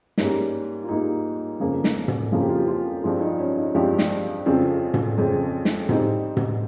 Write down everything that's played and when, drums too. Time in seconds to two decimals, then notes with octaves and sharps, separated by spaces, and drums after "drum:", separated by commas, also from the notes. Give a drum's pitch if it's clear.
0.18 G#2 G3 A#3 C#4, drum: snare
0.84 F4
0.88 G#2 G3 A#3 D#4
1.60 F2 C#3 F3 A#3
1.84 drum: snare
2.08 drum: tom
2.32 F2 C#3 F3 A#3 F4
2.41 G4
2.49 F4
2.58 G4
2.67 F4
3.03 G2 F3 G#3 C4 F4
3.20 D#4
3.39 C#4
3.57 D#4
3.74 G2 F3 G#3 C4 G4
3.98 drum: snare
4.46 F2 C#3 G#3 C4 F4
4.94 drum: tom
5.18 F2 C#3 G#3 C4
5.65 drum: snare
5.89 G#2 G3 C4 D#4, drum: tom
6.37 drum: tom